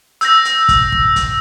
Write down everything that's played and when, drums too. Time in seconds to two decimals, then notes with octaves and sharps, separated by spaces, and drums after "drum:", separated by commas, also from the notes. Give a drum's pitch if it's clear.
0.21 E6 G6 A#6, drum: hi-hat
0.45 drum: hi-hat
0.69 drum: kick, hi-hat
0.92 drum: kick
1.16 drum: kick, hi-hat